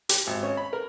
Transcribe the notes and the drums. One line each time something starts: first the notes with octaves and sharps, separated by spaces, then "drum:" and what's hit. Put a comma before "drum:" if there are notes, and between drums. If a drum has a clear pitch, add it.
G4, drum: hi-hat
G#1
C#4
B5
A#4